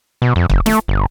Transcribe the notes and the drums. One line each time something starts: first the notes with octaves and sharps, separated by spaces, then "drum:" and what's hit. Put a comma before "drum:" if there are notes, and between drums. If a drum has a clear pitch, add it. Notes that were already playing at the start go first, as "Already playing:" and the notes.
B2
F2
F#1, drum: kick
A3, drum: snare
G1